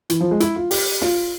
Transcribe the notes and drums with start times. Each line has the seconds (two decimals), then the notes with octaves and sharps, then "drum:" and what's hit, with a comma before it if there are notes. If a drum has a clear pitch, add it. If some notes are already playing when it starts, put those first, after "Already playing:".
0.10 E3, drum: hi-hat
0.21 F3
0.31 G#3
0.40 E4, drum: hi-hat
0.56 F4
0.71 G4, drum: open hi-hat
1.01 F4, drum: snare